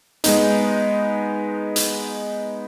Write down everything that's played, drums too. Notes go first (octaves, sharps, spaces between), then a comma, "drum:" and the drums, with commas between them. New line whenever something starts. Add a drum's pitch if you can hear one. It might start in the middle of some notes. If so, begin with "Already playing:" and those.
G#3 B3 D#4, drum: hi-hat
drum: hi-hat